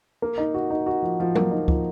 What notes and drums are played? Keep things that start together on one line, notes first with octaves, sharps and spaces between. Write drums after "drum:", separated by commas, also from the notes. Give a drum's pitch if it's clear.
A#3
D#4
F#4
D#4
F#4
F3
F3
A#3, drum: tom F#3
D#4
F3, drum: kick C#2